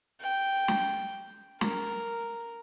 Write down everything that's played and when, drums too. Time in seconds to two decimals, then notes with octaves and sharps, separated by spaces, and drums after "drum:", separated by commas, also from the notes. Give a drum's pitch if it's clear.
0.21 G5
0.68 drum: snare
1.61 A#4, drum: snare